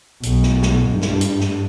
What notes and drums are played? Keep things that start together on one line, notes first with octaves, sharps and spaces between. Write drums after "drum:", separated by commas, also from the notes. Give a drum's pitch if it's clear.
B1, drum: hi-hat
drum: snare
drum: snare
G2
drum: snare
drum: hi-hat
drum: snare